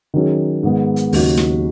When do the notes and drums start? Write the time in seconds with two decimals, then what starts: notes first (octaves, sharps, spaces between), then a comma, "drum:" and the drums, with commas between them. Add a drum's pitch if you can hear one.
0.14 D#3 F#3 C#4 G#4
0.63 G#2 D#3 B3 G#4
0.96 drum: hi-hat
1.13 D#2 C#3 F#3 D#4 F#4, drum: open hi-hat
1.37 drum: snare